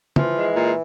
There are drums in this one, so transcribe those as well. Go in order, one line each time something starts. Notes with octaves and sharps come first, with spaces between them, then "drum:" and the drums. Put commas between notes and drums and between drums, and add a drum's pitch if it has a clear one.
E3 F3, drum: tom
G#3
A#2